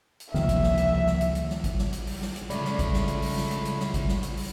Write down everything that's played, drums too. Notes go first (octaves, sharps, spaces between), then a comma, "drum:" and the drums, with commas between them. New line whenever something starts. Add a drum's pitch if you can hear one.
drum: hi-hat
C#2 C3 D#3 F3 A#3 E5, drum: snare
drum: kick G#1, hi-hat
drum: snare
drum: hi-hat
drum: snare
drum: hi-hat
drum: hi-hat
drum: snare
drum: kick G#1, hi-hat
drum: snare
drum: hi-hat
drum: open hi-hat
drum: snare
drum: hi-hat
C#3 G#3 A3 D5 B5, drum: hi-hat
drum: snare
drum: kick G#1, hi-hat
drum: snare
drum: hi-hat
drum: open hi-hat
drum: snare
drum: hi-hat
drum: hi-hat
drum: snare
drum: kick G#1, hi-hat
drum: snare
drum: hi-hat
drum: open hi-hat